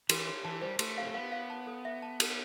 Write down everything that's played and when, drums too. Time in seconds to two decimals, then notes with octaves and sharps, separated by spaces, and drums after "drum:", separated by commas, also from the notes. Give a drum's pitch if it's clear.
0.09 E3 C6, drum: cymbal
0.27 C6
0.45 E3 A5
0.61 G3 C5
0.79 A3 C6, drum: cymbal
0.98 C4 F5
1.14 B3 F5
1.32 F5
1.50 A5
1.67 A4
1.85 E5
2.02 A5
2.20 A4, drum: cymbal